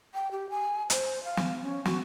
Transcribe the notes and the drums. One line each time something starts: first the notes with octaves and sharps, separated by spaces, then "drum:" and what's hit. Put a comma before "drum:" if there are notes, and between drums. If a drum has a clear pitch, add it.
G5
G4
G#5
C5, drum: hi-hat
F5
drum: snare
C#4
F#4, drum: snare